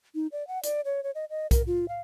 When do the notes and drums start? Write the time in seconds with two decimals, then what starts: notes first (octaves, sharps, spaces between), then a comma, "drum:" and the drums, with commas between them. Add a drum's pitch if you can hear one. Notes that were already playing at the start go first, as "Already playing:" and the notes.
0.15 D#4
0.32 D5
0.48 F#5
0.63 D5, drum: hi-hat
0.85 C#5
1.04 C#5
1.15 D#5
1.30 D#5
1.51 A#4, drum: kick B1, hi-hat
1.67 F4
1.89 F5